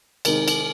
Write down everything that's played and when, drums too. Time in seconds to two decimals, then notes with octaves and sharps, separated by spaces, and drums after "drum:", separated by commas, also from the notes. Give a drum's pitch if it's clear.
0.25 C3 D#3 G#3 C4 D#4 A#4, drum: cymbal
0.48 drum: cymbal